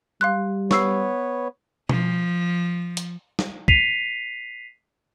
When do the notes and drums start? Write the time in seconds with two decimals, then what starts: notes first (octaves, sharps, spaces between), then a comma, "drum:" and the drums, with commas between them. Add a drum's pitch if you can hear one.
0.21 G3 F5 C6 F#6
0.71 B3 B4 C#5 C#6 E6 C7, drum: snare
1.89 F3, drum: tom B2
2.97 drum: hi-hat
3.39 drum: snare
3.68 B6 C7 D#7 F7, drum: kick